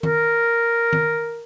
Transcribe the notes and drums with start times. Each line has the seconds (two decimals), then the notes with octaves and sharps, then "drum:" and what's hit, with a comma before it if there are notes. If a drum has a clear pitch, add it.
0.03 A#4, drum: tom D#3
0.93 drum: tom D#3